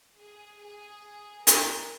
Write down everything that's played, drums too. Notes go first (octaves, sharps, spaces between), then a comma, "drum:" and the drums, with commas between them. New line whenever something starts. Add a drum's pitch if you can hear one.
G#4
G#4
A#4, drum: hi-hat